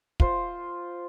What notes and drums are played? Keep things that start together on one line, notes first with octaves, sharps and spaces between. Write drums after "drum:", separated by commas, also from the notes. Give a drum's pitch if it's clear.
F4 C5, drum: kick